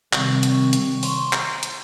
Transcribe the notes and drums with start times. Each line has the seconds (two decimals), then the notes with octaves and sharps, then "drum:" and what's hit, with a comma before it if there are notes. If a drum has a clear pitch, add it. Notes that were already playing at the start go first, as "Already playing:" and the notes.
0.13 C3 D#3 G3 C4 C#6, drum: clap
0.43 drum: hi-hat
0.73 drum: hi-hat
1.03 C6, drum: open hi-hat
1.33 A#5, drum: clap
1.63 drum: hi-hat